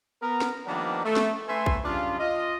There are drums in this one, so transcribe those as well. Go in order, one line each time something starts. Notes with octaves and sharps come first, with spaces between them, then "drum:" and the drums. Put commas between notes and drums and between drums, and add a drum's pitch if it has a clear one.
B3 A#4
drum: snare
D#3 F3 G3 A#3 B3 D4
A3
drum: snare
A3 B4 E5 G#5 C6
drum: kick
C#3 G3 D4 F4
F4 D#5